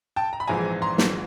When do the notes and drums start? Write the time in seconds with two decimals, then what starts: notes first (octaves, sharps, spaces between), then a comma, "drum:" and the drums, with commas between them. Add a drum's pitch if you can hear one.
0.16 G5 A5
0.33 A#5
0.40 B5
0.47 A#1 G#2 E3 G#3 C4 G#5 A#5
0.82 A#5 C6
0.98 drum: snare